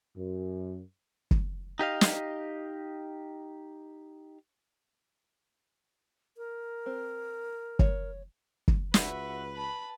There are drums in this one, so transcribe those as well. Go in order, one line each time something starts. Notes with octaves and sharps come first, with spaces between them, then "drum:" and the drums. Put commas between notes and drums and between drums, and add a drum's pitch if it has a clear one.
F#2
drum: kick
D#4 G4 D#5 F5
drum: snare
A#4
C4
C#5, drum: kick
drum: kick
C#2 F#4 B4 E5, drum: snare
A5 B5